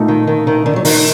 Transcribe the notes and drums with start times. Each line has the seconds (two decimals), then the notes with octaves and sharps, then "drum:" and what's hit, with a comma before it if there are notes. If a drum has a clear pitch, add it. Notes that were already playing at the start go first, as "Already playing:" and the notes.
Already playing: A#2 A3 D#4
0.08 D#3
0.27 D#3
0.47 D#3
0.66 D3
0.76 F#3
0.85 D#3, drum: open hi-hat